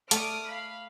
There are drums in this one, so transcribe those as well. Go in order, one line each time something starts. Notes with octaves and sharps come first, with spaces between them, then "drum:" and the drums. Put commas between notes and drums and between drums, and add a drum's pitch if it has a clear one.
A3 D5 D6 D#6 F6, drum: hi-hat
F5 B5